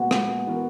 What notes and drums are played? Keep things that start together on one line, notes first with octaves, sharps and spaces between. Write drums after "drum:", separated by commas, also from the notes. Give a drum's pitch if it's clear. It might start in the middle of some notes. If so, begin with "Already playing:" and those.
Already playing: A#2 G#3 B3 F#4 F#5
drum: rim click
E3 B3 F#4 A#4